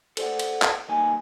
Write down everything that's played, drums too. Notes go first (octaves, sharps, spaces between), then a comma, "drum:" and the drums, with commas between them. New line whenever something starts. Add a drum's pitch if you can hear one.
A4 C5 D5 F#5, drum: cymbal
drum: cymbal
drum: clap
C2 D#3 A#3 D#4 G#5